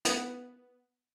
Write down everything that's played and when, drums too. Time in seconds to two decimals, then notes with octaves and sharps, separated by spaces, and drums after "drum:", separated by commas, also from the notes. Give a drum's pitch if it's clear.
0.05 B3, drum: hi-hat